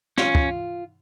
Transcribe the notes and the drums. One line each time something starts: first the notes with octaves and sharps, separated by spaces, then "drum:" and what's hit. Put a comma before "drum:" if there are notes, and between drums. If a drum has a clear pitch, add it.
C#4 F4, drum: snare
drum: kick